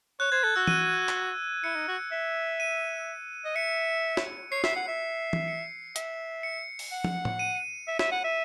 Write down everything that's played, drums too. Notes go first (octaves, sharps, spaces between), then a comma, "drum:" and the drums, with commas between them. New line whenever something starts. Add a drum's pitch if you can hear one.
C#5 F#6
C5 G#6
A4 F#6
F#4 E6
D#7, drum: tom
drum: clap
E4 C#7
D#4
F#4
E5
D#7
D#5
E5 C#7
drum: snare
C#5 C7
E5, drum: snare
F#5
E5
drum: tom
C#7
E5, drum: hi-hat
C#7
drum: open hi-hat
F#5
drum: tom
drum: tom A2
D#7
E5
E5, drum: snare
F#5
E5